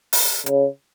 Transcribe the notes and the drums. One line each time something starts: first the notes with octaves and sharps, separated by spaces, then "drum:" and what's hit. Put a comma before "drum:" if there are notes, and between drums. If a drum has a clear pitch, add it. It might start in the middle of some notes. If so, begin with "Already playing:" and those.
drum: open hi-hat
C#3, drum: hi-hat